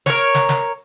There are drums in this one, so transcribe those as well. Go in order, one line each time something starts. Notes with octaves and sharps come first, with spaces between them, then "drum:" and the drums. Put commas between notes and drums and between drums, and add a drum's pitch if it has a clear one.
A#4 C#5, drum: snare
drum: snare
drum: snare